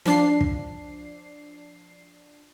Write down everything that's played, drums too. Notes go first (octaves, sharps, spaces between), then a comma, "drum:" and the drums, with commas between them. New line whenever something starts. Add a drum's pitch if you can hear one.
F3 D4 C7, drum: snare
drum: kick